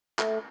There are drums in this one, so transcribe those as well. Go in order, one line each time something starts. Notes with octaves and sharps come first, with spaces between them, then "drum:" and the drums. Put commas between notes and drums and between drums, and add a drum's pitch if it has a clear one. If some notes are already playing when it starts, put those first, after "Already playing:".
A3, drum: clap